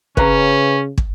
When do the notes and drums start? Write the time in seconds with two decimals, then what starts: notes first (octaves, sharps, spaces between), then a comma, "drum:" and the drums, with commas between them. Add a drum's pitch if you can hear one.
0.17 C#3 C#4 B4 F5 A#5, drum: kick
0.98 drum: kick